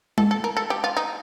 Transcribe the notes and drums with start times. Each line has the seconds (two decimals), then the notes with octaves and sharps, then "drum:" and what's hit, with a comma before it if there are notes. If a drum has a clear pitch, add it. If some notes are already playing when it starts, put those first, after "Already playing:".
0.18 A4, drum: tom G#3
0.31 A4
0.44 A#4
0.57 A4
0.70 G4
0.84 F4
0.97 D#4